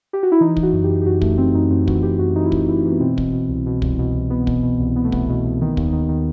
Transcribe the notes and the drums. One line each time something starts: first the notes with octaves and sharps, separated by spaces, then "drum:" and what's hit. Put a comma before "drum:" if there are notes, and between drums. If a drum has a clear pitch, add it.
G4
F#4
E4
E3 D#4
E3, drum: kick
F#4
F#2
F#2 G4
G4
F#2 F#4
F#2 A3, drum: kick
F#2 C4
F#2 D#4
F#2 C4
E3 F#4, drum: kick
E3 G4
F#2 F#4
E3 D#4
E4
E3 D#4, drum: kick
E3 E4
E3
B3
B2 C4
B2, drum: kick
B2
C2
B2
C2, drum: kick
B2
C2
B2 B3
B2, drum: kick
B2
C2
C2 B3
A3
C2 B3, drum: kick
B2
C2
D#3
D#2, drum: kick
D#3
D#3